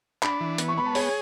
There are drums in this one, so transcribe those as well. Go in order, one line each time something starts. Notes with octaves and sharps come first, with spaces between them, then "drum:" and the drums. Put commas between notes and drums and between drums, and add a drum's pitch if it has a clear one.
D4 B5, drum: clap
E3
B3, drum: hi-hat
C#6
B3 B5
A5
G#4 C#5, drum: open hi-hat